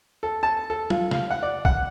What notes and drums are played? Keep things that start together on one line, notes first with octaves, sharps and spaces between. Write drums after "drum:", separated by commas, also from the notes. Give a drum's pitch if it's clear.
A4
A5
A4
F4, drum: tom F#3
F5, drum: snare
F#5
D5
F#5, drum: kick